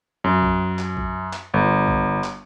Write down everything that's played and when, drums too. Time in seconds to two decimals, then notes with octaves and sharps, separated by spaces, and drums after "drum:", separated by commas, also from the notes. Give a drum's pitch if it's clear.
0.24 F#2
0.42 drum: kick A#1
0.79 drum: clap
0.97 drum: kick A#1
1.33 drum: clap
1.54 G1
1.88 drum: kick A#1
2.24 drum: clap